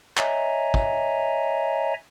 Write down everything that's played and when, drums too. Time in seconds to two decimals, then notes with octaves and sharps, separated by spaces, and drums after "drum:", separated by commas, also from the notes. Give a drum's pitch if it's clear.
0.17 C#5 D#5 E5 G#5 A#5, drum: clap
0.74 drum: kick